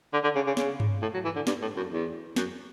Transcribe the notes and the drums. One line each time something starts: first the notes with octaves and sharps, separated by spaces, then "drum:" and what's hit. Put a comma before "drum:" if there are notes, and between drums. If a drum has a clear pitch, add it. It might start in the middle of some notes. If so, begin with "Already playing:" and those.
D3
D3
C#3
C#3
C#3, drum: snare
drum: tom G2
A2
F#3
E3
D3
G2, drum: snare
A2
F#2
E2
F#2, drum: snare